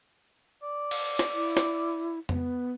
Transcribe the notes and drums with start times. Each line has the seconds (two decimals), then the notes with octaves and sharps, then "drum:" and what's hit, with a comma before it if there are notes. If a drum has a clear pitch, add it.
0.62 D5
0.91 drum: cymbal
1.19 drum: snare
1.33 E4
1.57 drum: snare
2.29 B3, drum: tom F2